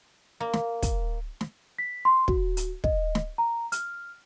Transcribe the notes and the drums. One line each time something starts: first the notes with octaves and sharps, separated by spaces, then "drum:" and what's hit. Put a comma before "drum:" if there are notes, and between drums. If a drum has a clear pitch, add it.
A#3
drum: snare
drum: kick, hi-hat
drum: snare
B6
C6
F#4, drum: kick
drum: hi-hat
D#5, drum: kick
drum: snare
A#5
F6, drum: hi-hat